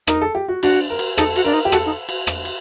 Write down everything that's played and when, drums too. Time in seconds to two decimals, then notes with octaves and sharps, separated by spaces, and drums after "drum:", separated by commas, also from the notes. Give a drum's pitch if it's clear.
0.07 D#4 A#4, drum: rim click
0.21 A4
0.35 G4
0.48 F#4
0.63 D4 F#4, drum: cymbal
0.90 A#4
0.99 drum: cymbal
1.18 D#4 A4, drum: rim click
1.36 F#4, drum: cymbal
1.45 D4 A#4
1.53 D#4
1.65 G4
1.72 F#4 A4, drum: rim click
1.86 D#4
2.09 drum: cymbal
2.27 drum: rim click
2.45 drum: cymbal